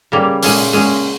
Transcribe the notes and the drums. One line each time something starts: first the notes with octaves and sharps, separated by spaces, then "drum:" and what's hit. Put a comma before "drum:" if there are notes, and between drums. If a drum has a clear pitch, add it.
C#3 G3 A#3
A#2 G#3 C#4, drum: open hi-hat
A#2 G#3 C#4